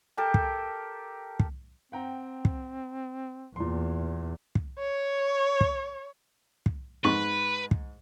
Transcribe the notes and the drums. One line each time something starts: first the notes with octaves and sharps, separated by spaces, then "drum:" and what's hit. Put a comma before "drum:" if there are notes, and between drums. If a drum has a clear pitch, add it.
G4 A4 A#4 A5
drum: kick
drum: kick
C4 F#5 G5 A#5
drum: kick
E2 A#2 C6
drum: kick
C#5
drum: kick
drum: kick
G#2 B4 C#6
drum: kick